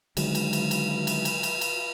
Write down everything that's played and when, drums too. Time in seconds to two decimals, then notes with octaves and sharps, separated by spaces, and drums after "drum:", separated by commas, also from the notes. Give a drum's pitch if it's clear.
0.17 D3 D#3 F#3 G#3, drum: cymbal
0.35 drum: cymbal
0.53 drum: cymbal
0.71 drum: cymbal
1.07 drum: cymbal
1.25 drum: cymbal
1.43 drum: cymbal
1.61 drum: cymbal